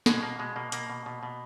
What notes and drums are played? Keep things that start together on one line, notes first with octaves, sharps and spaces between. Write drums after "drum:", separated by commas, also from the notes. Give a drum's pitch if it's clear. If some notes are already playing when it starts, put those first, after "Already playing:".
B2 G#3, drum: snare
B2 A#3
B2 G#3
B2 A#3
B2 A#3, drum: hi-hat
B2
B2
B2